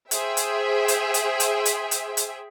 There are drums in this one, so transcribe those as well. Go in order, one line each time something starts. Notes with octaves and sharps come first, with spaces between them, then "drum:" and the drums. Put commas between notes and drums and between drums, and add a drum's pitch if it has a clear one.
G#4 C5 E5 G5, drum: hi-hat
drum: hi-hat
drum: hi-hat
drum: hi-hat
drum: hi-hat
drum: hi-hat
drum: hi-hat
drum: hi-hat